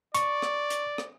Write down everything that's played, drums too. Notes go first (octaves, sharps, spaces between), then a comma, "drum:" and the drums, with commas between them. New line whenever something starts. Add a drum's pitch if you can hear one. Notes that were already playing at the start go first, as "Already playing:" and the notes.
D5 C#6, drum: hi-hat
drum: rim click
drum: hi-hat
drum: rim click